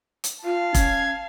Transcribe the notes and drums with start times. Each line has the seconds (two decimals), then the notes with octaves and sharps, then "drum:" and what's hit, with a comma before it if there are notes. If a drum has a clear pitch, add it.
0.24 drum: hi-hat
0.44 F4 F5 A5
0.74 C#4 G#6, drum: kick, hi-hat